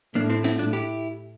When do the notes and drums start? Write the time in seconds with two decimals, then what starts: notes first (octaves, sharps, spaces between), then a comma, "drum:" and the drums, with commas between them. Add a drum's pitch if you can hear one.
0.15 A2 A#3 D4
0.30 C4 E4
0.44 C4 E4, drum: snare
0.58 D4 F4
0.73 E4 G4